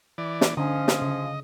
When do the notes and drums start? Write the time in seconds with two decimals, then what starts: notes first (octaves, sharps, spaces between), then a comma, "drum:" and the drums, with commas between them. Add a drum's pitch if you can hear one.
0.18 E3 D5
0.41 drum: snare
0.57 D3 F3 C#4 D#5
0.88 drum: snare
1.02 C#3